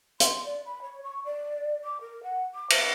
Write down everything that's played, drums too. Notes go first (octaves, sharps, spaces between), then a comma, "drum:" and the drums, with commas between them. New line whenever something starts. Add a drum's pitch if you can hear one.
C6, drum: hi-hat
D5
B5
C#5
C#6
D5
D6
A#4
F#5
D6
C5, drum: cymbal